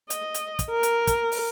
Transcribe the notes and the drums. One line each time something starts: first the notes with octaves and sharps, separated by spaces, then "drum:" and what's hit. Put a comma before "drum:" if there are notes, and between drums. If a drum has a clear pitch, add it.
D#5, drum: hi-hat
drum: hi-hat
drum: kick, hi-hat
A#4
drum: hi-hat
drum: kick, hi-hat
drum: open hi-hat